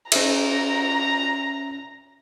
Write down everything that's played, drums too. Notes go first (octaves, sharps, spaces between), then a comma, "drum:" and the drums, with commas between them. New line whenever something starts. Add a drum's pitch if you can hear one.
C#4 E5 A#5, drum: cymbal